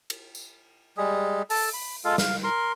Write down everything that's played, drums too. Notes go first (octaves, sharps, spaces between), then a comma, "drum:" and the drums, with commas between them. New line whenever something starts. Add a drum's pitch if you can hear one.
drum: cymbal
drum: tambourine
G3 G#3 G#4
A4 A5, drum: open hi-hat
B5
G#3 F4 A4 F5
F5, drum: snare
A#4 C6